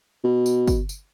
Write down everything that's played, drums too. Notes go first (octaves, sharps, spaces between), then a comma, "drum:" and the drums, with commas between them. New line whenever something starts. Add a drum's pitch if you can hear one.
B2
drum: tambourine
drum: kick, tambourine
drum: tambourine